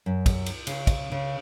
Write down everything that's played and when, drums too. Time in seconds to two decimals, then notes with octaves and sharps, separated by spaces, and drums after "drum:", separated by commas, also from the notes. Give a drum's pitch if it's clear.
0.06 F#2
0.26 drum: kick, cymbal
0.46 drum: cymbal
0.67 C#3, drum: cymbal
0.87 drum: kick, cymbal
1.12 C#3